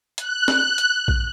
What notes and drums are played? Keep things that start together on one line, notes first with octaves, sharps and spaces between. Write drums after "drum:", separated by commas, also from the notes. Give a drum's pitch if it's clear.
F#6, drum: hi-hat
drum: snare C4
drum: hi-hat
drum: kick